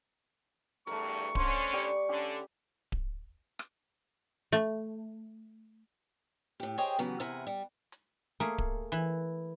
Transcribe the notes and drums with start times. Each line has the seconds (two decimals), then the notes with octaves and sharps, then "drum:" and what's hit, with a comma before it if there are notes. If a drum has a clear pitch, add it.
0.87 E2 G2 A3 A#4 C#6, drum: hi-hat
1.35 D3 C#4 C5, drum: kick D1
1.73 G4 D5 B5
2.09 D3 C#4 G4
2.92 drum: kick D1
3.59 drum: rim click
4.52 A3, drum: snare
6.60 A2 G4
6.78 G4 G#4 C5 C#5 D#5 G5
6.99 C#3 E3 F#3 B3 G4
7.20 E2 C3 E4 A#4 F#5 G#5, drum: hi-hat
7.47 G3
7.92 drum: hi-hat
8.40 A3 A#3 G#4 A#4, drum: hi-hat
8.58 drum: kick D1
8.92 E3